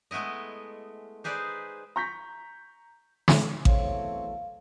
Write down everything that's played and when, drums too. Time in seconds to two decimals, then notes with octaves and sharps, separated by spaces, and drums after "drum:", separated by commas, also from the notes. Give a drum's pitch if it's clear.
0.11 G#3 A3 B3 E4 D#5
1.24 D#4 G#4 B4 C5 D5
1.96 A#5 C#6 G6 A#6 B6
3.28 drum: snare
3.65 E2 F#3 A3 C4 C#5 F5, drum: kick A1